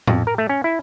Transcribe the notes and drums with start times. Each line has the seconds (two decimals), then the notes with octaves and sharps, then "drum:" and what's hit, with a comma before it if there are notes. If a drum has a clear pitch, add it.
0.07 F2, drum: tom A2
0.27 A#4
0.38 A3
0.49 C#4
0.64 E4